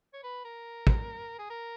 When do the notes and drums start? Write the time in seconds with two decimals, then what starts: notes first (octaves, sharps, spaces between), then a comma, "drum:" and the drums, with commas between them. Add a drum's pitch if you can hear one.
0.13 C#5
0.23 B4
0.45 A#4
0.87 drum: kick
1.39 G#4
1.50 A#4